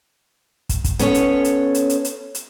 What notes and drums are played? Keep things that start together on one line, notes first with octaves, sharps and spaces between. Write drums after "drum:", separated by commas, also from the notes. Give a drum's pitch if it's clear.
drum: kick, hi-hat
drum: kick, hi-hat
B3 C#4 A4 C#5, drum: hi-hat
drum: hi-hat
drum: hi-hat
drum: hi-hat
drum: hi-hat
drum: hi-hat
drum: hi-hat